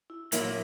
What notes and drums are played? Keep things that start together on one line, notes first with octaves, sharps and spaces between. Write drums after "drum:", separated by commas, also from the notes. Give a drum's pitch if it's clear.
E4
A#2 F#3 A#3 E4 A#4, drum: hi-hat